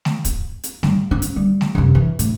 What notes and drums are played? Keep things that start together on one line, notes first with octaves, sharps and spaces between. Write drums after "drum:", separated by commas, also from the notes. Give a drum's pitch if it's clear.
drum: snare A3
drum: kick, hi-hat
drum: hi-hat
G3, drum: snare A3
C#4 F4
drum: hi-hat
G3
drum: snare A3
F#2 C3
E3
A2, drum: hi-hat